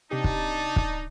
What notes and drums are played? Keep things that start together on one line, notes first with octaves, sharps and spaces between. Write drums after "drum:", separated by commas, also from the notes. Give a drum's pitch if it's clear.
C3 D4 D#4 G4 A5
drum: kick
drum: kick